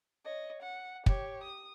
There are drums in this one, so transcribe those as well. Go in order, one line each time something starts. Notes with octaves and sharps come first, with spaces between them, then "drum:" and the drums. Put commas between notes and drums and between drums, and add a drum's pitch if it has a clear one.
C#5 D#5
F#5
G4 C#5, drum: kick
D#6